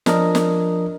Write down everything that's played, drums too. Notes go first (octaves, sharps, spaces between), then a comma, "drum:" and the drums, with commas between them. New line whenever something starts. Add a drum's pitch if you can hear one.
F3 D4 A#4 D#5, drum: snare
drum: snare